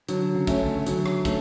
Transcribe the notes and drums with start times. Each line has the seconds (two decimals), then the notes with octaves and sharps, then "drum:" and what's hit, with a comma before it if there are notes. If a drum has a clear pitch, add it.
0.09 D3 F#3, drum: hi-hat
0.34 C#3
0.47 A3 C#4, drum: kick, hi-hat
0.60 D3
0.86 D3 F#3, drum: hi-hat
1.06 drum: rim click
1.25 A3 C#4, drum: kick, hi-hat